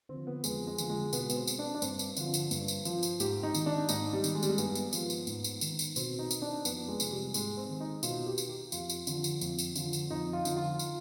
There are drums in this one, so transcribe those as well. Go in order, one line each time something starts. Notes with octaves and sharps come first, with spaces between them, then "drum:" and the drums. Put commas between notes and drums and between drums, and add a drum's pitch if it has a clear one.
D3 F3 C4
B3
F2 G#3, drum: tambourine
G#3
D3 F3, drum: tambourine
G#3
B2 B3, drum: tambourine
B3, drum: tambourine
C4
drum: tambourine
D4
D4
G2 C4, drum: tambourine
drum: tambourine
D3 F3, drum: tambourine
drum: tambourine
G2, drum: tambourine
drum: tambourine
F3, drum: tambourine
drum: tambourine
G#2 G4, drum: tambourine
D#4
D#3, drum: tambourine
D4
G#2 D#4, drum: tambourine
G3
D#3, drum: tambourine
G#3
G3, drum: tambourine
G#3
G2 B3, drum: tambourine
drum: tambourine
F3, drum: tambourine
drum: tambourine
G#2, drum: tambourine
drum: tambourine
D#3, drum: tambourine
drum: tambourine
B2 C4, drum: tambourine
D#4
drum: tambourine
D4
F2 B3, drum: tambourine
G#3
C3 F3, drum: tambourine
G3
G#2 G#3, drum: tambourine
C4
D#3
D#4
B2 F4, drum: tambourine
G4
drum: tambourine
G4
F2 F4, drum: tambourine
drum: tambourine
D3 F3, drum: tambourine
drum: tambourine
F2, drum: tambourine
drum: tambourine
D3 F3, drum: tambourine
drum: tambourine
F2 D#4
F4
D3 F3, drum: tambourine
F4
drum: tambourine